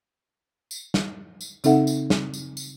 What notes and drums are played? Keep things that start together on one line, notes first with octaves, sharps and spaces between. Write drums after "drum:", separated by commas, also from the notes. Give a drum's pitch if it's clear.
drum: tambourine
drum: snare
drum: tambourine
C#3 C4 D#4 A4 E5 F#5, drum: tambourine
drum: tambourine
drum: snare
drum: tambourine
drum: tambourine